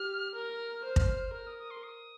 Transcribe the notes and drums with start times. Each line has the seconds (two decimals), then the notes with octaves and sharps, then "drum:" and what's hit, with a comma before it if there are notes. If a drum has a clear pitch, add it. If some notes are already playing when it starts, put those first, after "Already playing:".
Already playing: G4 F6
0.34 A#4 F6
0.85 C5
0.96 drum: kick
1.34 A#4 F6
1.47 D#6
1.58 D#6
1.71 C6
1.83 D#6